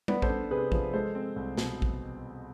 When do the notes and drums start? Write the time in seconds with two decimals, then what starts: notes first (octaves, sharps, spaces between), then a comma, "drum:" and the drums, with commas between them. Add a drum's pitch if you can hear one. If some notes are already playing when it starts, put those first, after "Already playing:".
0.08 B3 B4 D5, drum: tom G3
0.22 A4 C5, drum: kick A#1
0.30 D4
0.51 C3 G#4 B4
0.72 F3, drum: kick A#1
0.93 G#3 A4 C5
1.15 C4
1.36 C2
1.57 B2, drum: snare
1.82 drum: kick A#1